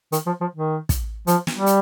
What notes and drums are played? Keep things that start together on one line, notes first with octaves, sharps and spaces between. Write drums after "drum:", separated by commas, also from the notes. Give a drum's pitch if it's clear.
D#3, drum: hi-hat
F3
F3
D#3
drum: kick, hi-hat
F3, drum: hi-hat
drum: snare
G3
drum: hi-hat